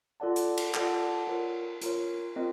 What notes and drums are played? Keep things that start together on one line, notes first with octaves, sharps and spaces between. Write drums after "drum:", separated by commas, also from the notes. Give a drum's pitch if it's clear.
F4 A4 D5 F#5 A5
drum: hi-hat
drum: cymbal
F4 A4 D5 F#5 A5, drum: clap
F4 A#4 C#5
F4 A#4 C#5, drum: hi-hat
C4 F4 A#4 D#5